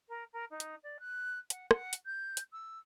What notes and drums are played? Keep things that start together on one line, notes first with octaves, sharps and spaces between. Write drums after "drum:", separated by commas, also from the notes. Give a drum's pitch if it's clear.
A#4
A#4
D#4
drum: hi-hat
D5
F#6
F#5, drum: hi-hat
F#5, drum: rim click
drum: hi-hat
G6
drum: hi-hat
E6